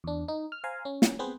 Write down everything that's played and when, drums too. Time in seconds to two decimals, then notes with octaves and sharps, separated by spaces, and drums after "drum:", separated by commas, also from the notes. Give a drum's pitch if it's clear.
0.04 E2 D4
0.28 D#4
0.52 F6
0.64 C5 F5 G#5 A#5
0.85 C#4
1.02 drum: snare
1.19 B3 C4 G#4 B4 C5